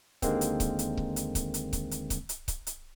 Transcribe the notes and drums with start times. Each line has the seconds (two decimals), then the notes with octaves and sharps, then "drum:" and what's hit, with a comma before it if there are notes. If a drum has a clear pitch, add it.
0.22 D#2 D3 D#3 G#3 A#3 C4, drum: kick C#1, hi-hat
0.41 drum: hi-hat
0.60 drum: kick C#1, hi-hat
0.79 drum: hi-hat
0.97 drum: kick C#1
1.16 drum: hi-hat
1.35 drum: kick C#1, hi-hat
1.54 drum: hi-hat
1.73 drum: kick C#1, hi-hat
1.91 drum: hi-hat
2.10 drum: kick C#1, hi-hat
2.29 drum: hi-hat
2.48 drum: kick C#1, hi-hat
2.67 drum: hi-hat